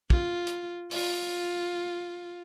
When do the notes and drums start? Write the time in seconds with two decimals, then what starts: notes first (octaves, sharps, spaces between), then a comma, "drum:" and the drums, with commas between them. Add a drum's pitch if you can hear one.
0.10 F4, drum: kick
0.47 drum: hi-hat
0.91 F4, drum: open hi-hat